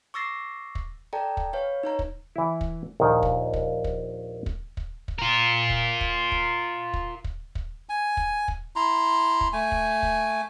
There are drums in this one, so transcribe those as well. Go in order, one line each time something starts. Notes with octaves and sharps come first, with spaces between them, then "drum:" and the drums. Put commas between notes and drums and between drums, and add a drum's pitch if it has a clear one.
C#6 D6 E6 A6 A#6 C7
drum: kick
A4 D5 G5 A5 A#5
drum: kick
B4 C#5 F5
D#4 C#5 A#5
drum: kick
E3 E4
drum: kick
A#1 D#2 D#3
drum: kick
drum: kick
drum: kick
drum: kick
drum: kick
drum: kick
F4 A#4
drum: kick
drum: kick
drum: kick
drum: kick
drum: kick
drum: kick
G#5
drum: kick
drum: kick
E4 A#5 C6
drum: kick
A3 G#5
drum: kick
drum: kick